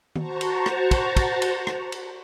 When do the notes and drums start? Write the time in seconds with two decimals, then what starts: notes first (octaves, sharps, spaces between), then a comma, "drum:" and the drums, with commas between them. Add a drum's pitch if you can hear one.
0.16 F#4 C5 A5 A#5 C#6, drum: tom D#3
0.41 drum: cymbal
0.66 drum: rim click
0.91 drum: kick, cymbal
1.17 drum: kick, cymbal
1.42 drum: cymbal
1.67 drum: rim click
1.92 drum: cymbal